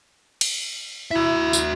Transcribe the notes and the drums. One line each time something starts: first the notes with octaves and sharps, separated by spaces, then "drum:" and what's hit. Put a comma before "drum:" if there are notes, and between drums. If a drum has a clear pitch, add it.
drum: cymbal
E4 F#4 E5
drum: tambourine